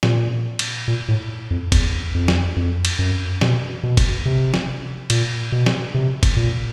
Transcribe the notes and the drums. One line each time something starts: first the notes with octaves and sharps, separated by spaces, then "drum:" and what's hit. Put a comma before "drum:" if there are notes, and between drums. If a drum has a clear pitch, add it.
A#2, drum: snare
drum: cymbal
A#2
A2
F2
E2, drum: kick G1, cymbal
F2
drum: snare
F2
drum: cymbal
F#2
B2, drum: snare
B2
drum: kick G1, cymbal
C3
drum: snare
A#2, drum: cymbal
B2
drum: snare
C3
drum: kick G1, cymbal
A#2